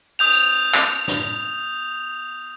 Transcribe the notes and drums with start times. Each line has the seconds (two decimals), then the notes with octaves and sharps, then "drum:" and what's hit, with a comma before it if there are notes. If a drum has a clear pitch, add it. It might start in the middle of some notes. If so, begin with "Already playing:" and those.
0.19 D#6 G6 F7, drum: cymbal
0.33 drum: tambourine
0.74 drum: clap
0.89 drum: tambourine
1.08 drum: snare